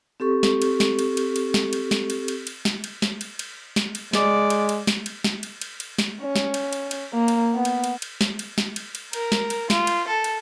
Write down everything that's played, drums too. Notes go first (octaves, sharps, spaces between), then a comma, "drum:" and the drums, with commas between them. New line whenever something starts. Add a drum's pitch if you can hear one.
C4 G4 A4 C#6
drum: snare
drum: cymbal
drum: snare
drum: cymbal
drum: cymbal
drum: cymbal
drum: snare
drum: cymbal
drum: snare
drum: cymbal
drum: cymbal
drum: cymbal
drum: snare
drum: cymbal
drum: snare
drum: cymbal
drum: cymbal
drum: snare
drum: cymbal
G#3 D5, drum: snare
drum: cymbal
drum: cymbal
drum: snare
drum: cymbal
drum: snare
drum: cymbal
drum: cymbal
drum: cymbal
drum: snare
C#4
drum: snare
drum: cymbal
drum: cymbal
drum: cymbal
A#3
drum: cymbal
B3
drum: cymbal
drum: cymbal
drum: cymbal
drum: snare
drum: cymbal
drum: snare
drum: cymbal
drum: cymbal
A#4, drum: cymbal
drum: snare
drum: cymbal
F4, drum: snare
drum: cymbal
A4
drum: cymbal